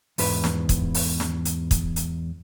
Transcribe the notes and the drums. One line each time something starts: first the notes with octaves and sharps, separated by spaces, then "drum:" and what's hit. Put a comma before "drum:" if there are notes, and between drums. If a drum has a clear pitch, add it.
E2 G#2 B4, drum: open hi-hat
drum: snare
drum: kick, hi-hat
drum: open hi-hat
drum: snare
drum: hi-hat
drum: kick, hi-hat
drum: hi-hat